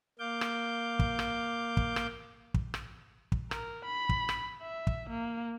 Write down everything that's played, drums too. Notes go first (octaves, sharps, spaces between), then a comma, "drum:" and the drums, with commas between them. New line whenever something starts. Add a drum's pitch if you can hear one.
A#3 F5 D6 G6
drum: rim click
drum: kick
drum: rim click
drum: kick
drum: rim click
drum: kick
drum: rim click
drum: kick
A#4, drum: rim click
B5
drum: kick
drum: rim click
E5
drum: kick
A#3